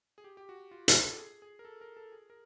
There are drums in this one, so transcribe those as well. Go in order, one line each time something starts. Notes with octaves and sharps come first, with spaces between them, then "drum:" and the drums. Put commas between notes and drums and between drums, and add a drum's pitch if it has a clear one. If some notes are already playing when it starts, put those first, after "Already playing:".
G#4
G4
G4
F#4
F4
G#4, drum: hi-hat
A4
G#4
G#4
A#4
A4
A#4
A4
G#4
A#4